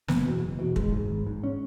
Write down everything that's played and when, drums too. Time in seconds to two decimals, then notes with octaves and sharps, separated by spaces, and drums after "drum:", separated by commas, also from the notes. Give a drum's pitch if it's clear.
0.08 F#1 B3, drum: snare
0.26 E2 B2
0.42 F#1
0.59 E2 B2
0.76 G#1 G#3, drum: kick
0.92 G#2
1.09 G#1
1.27 G#2
1.44 C#4